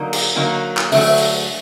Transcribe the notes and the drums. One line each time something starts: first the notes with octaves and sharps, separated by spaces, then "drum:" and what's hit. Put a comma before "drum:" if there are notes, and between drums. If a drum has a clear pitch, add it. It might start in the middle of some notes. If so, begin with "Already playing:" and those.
Already playing: D3 F#3 A#3 D#4
drum: cymbal
D3 F#3 A#3 D#4
drum: clap
D3 F#3 A3 E5, drum: open hi-hat
drum: cymbal